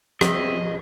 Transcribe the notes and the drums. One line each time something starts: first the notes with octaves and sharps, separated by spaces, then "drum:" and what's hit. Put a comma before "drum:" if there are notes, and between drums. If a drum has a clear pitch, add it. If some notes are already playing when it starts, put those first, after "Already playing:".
F3 G3 B3 C4 G#4 D#5 E5, drum: rim click